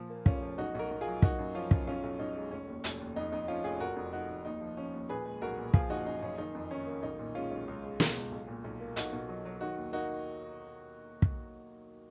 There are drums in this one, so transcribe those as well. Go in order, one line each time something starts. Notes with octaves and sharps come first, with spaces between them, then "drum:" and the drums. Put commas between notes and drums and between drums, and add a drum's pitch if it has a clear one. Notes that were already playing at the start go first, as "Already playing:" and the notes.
Already playing: A#2 F3
A#3
F1 C#4 F4, drum: kick
F3
B1 D#4 F#4
B1 F#4 A#4
B1
F4 G#4
F#3
A#3 D#4 F#4, drum: kick
F#2
F3 C#4 F4
F#2, drum: kick
B1 C#4 F4
B1
B1 D#4
G#3
F1 C#4
D#2
F1, drum: hi-hat
D#2
F2 D#4
F2 D#4
F3 C#4 F4
F1 F4 G#4
F1 F#4 A#4
F2
F1 D#4 F#4
F1
D#2 D#4
F3
F3 C#4
D#2
A#2 G#4 B4
G#3
B1 F#4 A#4
A#2
F3 F4 G#4, drum: kick
F#1 D#4 F#4
F#2 D#4
F#2 C#4
D#3 D#4
F2
D#3 C#4
A#3
B1 D#4
A#2
G#3 C#4 F4
B1
C#2
G#3
B2, drum: snare
C#2
B1
A#2
B1
A#3
B1 D#4 F#4, drum: hi-hat
B2
F#3
F#3
D#3 D#4 F#4
D#2
A#3 D#4 F#4
drum: kick